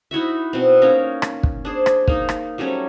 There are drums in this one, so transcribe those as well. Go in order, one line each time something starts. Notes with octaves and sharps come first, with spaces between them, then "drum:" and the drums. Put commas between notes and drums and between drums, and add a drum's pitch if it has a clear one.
D#4 E4 F#4 E5
B2 C4
A#3 C#4 D#4 A#4
drum: rim click
drum: kick
D4 G#4 C5
drum: rim click
A#3 D#4, drum: kick
drum: rim click
F#3 G3 A3 C#4